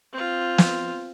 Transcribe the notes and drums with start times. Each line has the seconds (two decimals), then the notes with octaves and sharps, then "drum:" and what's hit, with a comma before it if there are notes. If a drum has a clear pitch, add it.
0.13 C4 F4
0.58 drum: snare